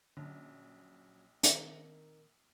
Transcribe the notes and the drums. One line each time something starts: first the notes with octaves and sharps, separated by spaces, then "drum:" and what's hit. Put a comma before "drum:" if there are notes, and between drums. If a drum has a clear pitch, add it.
A#1 D3 F#3 C#4
D#3 C4 D#4 A#4, drum: hi-hat